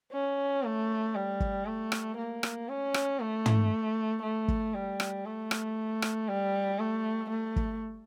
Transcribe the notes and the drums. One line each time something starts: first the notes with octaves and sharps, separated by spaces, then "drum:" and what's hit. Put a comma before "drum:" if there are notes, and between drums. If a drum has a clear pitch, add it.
C#4
A3
G3
drum: kick
A3
drum: rim click
A#3
drum: rim click
C#4
drum: rim click
A3
drum: tom
A3
drum: kick
G3
drum: rim click
A3
drum: rim click
drum: rim click
G3
A3
A3
drum: kick